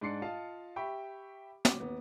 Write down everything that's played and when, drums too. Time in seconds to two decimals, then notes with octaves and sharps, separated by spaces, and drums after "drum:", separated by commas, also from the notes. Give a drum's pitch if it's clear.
0.01 G#2 D4 D5 C6 C7 C#7
0.22 F4 D#5 F5 A5
0.76 G4 E5 G5 B5 C#6
1.65 D6, drum: snare
1.80 D#2 B3